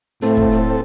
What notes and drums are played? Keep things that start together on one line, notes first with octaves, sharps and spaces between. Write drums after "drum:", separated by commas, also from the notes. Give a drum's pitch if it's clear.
A2 A3 C4 A4, drum: hi-hat
drum: kick
drum: hi-hat